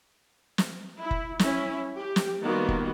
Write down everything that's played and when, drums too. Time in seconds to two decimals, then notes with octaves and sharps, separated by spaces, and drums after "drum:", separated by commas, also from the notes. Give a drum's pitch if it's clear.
0.58 drum: snare
1.00 E4
1.11 drum: kick F#1
1.39 C#4 E4, drum: snare
1.99 G4
2.16 drum: snare
2.42 D#3 G3 A#3 B3 F4 F#4
2.68 drum: kick F#1